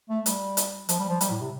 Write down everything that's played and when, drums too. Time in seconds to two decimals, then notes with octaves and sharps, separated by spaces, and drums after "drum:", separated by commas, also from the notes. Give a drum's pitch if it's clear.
0.09 A3
0.26 G3, drum: hi-hat
0.57 drum: hi-hat
0.89 F3, drum: hi-hat
1.00 G3
1.09 F3
1.21 G3, drum: hi-hat
1.30 A2
1.41 C3